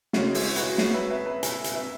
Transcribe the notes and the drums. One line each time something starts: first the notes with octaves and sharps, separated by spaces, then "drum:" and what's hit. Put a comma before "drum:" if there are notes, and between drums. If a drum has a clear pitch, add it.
C#3 G#3 C#4 F#4, drum: snare
E4 G#4, drum: open hi-hat
F#4 B4, drum: hi-hat
G#4 C#5, drum: snare
B4 E5
B4 E5
B4 E5
E5 G#5, drum: hi-hat
drum: hi-hat
B4 E5